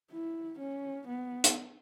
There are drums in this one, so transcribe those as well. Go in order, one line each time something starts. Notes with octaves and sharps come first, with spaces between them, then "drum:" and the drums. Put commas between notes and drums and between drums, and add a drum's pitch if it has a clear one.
E4
C#4
B3
drum: hi-hat